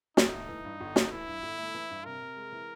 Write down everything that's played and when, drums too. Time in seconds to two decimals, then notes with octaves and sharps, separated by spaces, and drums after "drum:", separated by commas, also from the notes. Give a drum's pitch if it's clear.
0.17 G1 D#4, drum: snare
0.34 A3
0.49 E3
0.65 G2
0.80 G1
0.96 A3, drum: snare
1.12 E3 E4
1.28 G2
1.43 G1
1.58 A3
1.74 E3
1.90 G2
2.05 C3 A#4
2.21 C3
2.36 G#3
2.52 E3